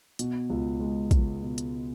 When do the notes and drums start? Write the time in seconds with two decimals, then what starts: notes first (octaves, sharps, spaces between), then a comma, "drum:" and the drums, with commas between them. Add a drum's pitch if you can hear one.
0.19 B2, drum: hi-hat
0.50 C#2
0.80 G#3
1.11 C#2, drum: kick, hi-hat
1.43 B2
1.58 drum: hi-hat